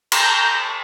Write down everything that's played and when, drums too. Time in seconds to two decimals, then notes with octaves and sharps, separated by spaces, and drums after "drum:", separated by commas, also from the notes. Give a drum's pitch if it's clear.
0.12 A#5 G6, drum: cymbal